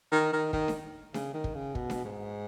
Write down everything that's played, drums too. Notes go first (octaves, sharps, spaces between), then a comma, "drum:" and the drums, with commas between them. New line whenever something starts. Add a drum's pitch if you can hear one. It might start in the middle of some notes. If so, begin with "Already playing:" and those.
D#3
D#3
D#3, drum: kick
drum: snare D4
C#3, drum: snare D4
D#3
drum: kick
C#3
B2, drum: kick
drum: snare D4
G#2